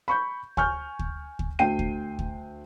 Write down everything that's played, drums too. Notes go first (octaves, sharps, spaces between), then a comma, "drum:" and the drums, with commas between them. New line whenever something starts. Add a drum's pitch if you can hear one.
B5 C#6 G6
G#5 C#6 F6 G6, drum: kick D2
drum: kick D2
drum: kick D2
D2 G5 C7 D#7
drum: kick D2
drum: kick D2